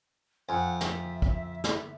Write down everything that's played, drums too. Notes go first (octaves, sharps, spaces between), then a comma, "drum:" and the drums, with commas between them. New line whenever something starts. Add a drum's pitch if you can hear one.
F2 F#5 G#5
E5, drum: snare
drum: kick
drum: snare